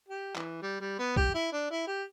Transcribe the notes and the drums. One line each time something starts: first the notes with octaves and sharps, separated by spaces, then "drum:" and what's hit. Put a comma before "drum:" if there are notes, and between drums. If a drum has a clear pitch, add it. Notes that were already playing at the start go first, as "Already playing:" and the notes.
G4
E3, drum: clap
G3
G3
B3
G4, drum: kick
E4
D4
E4
G4